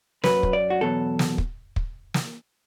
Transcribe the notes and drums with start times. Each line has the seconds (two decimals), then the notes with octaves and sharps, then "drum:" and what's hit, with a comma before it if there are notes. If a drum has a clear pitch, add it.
0.24 F#2 F#3 B4, drum: snare
0.43 drum: kick
0.53 D5
0.70 F#4
0.81 E2 B2 F#3 A4
1.19 drum: snare
1.38 drum: kick
1.76 drum: kick
2.14 drum: snare